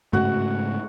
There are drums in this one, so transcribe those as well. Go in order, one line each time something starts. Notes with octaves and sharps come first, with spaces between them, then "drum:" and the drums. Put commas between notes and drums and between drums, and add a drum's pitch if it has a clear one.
G#2 C#3 A3 F#4 F#5, drum: tom G2